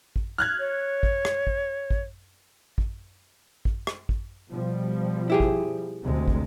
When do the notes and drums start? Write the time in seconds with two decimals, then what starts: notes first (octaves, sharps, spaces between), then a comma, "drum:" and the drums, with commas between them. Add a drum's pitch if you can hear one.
0.16 drum: kick
0.38 F6 F#6 G#6
0.59 C#5
1.03 drum: kick
1.25 drum: rim click
1.47 drum: kick
1.91 drum: kick
2.78 drum: kick
3.65 drum: kick
3.87 drum: rim click
4.09 drum: kick
4.49 B2 F3 G3
5.30 E4 G4 G#4
5.40 drum: kick
6.02 D2 C3 G#3
6.28 drum: kick